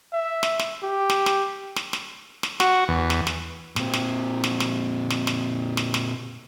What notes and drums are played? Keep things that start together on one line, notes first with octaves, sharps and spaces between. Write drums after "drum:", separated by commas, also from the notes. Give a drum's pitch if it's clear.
E5
drum: snare
drum: snare
G4
drum: snare
drum: snare
drum: snare
drum: snare
drum: snare
F#4, drum: snare
E2
drum: snare
drum: snare
A#2 C4, drum: snare
drum: snare
drum: snare
drum: snare
drum: snare
drum: snare
drum: snare
drum: snare